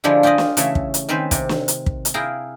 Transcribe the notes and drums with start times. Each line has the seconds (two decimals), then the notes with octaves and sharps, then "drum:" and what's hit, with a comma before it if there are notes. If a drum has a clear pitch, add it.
0.04 D3 F3 G3 G#3 D4 E4
0.23 F4 G4 G#4 D5 D#5
0.38 drum: snare
0.57 C#3 E3 A3 C#5 E5, drum: hi-hat
0.75 drum: kick
0.94 drum: hi-hat
1.09 D#3 C4 C#4 B4 C5
1.31 C3, drum: kick, hi-hat
1.49 drum: snare
1.68 drum: hi-hat
1.86 drum: kick
2.05 drum: hi-hat
2.14 E4 G#4 A#4 F5 G5 A#5